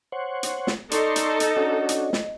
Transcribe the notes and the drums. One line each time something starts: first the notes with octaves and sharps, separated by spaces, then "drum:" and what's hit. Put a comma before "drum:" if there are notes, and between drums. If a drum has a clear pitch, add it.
C5 C#5 F#5
drum: hi-hat
drum: snare
D#4 A4 D5 D#5 C6 C#6, drum: hi-hat
drum: hi-hat
drum: hi-hat
C#4 D4 F#4
drum: hi-hat
drum: snare